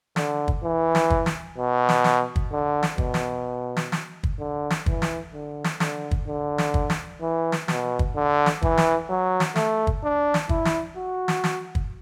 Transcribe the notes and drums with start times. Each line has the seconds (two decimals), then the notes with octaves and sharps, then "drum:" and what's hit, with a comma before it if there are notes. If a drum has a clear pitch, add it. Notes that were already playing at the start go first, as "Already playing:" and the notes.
0.16 D3, drum: snare
0.48 drum: kick
0.64 E3
0.95 drum: snare
1.10 drum: kick
1.26 drum: snare
1.58 B2
1.89 drum: snare
2.04 drum: snare
2.36 drum: kick
2.52 D3
2.83 drum: snare
2.98 B2, drum: kick
3.14 drum: snare
3.77 drum: snare
3.92 drum: snare
4.23 drum: kick
4.39 D3
4.70 drum: snare
4.86 E3, drum: kick
5.02 drum: snare
5.33 D3
5.64 drum: snare
5.80 D3, drum: snare
6.11 drum: kick
6.27 D3
6.58 drum: snare
6.74 drum: kick
6.90 drum: snare
7.21 E3
7.52 drum: snare
7.68 B2, drum: snare
7.99 drum: kick
8.15 D3
8.46 drum: snare
8.62 E3, drum: kick
8.77 drum: snare
9.09 F#3
9.40 drum: snare
9.56 A3, drum: snare
9.87 drum: kick
10.03 D4
10.34 drum: snare
10.49 E4, drum: kick
10.65 drum: snare
10.96 F#4
11.28 drum: snare
11.44 drum: snare
11.75 drum: kick